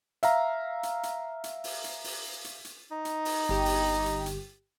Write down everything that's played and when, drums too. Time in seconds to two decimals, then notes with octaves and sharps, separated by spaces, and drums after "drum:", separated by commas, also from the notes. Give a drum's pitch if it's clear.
0.23 E5 F5 A#5, drum: hi-hat
0.83 drum: hi-hat
1.03 drum: hi-hat
1.44 drum: hi-hat
1.64 drum: open hi-hat
1.84 drum: hi-hat
2.04 drum: open hi-hat
2.44 drum: hi-hat
2.65 drum: hi-hat
2.92 D#4
3.05 drum: hi-hat
3.25 drum: open hi-hat
3.49 G1 G4
3.65 drum: open hi-hat
4.06 drum: hi-hat
4.26 drum: hi-hat